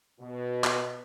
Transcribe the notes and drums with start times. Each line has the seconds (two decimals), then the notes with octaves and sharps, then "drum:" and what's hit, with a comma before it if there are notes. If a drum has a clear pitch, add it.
0.20 B2
0.64 drum: clap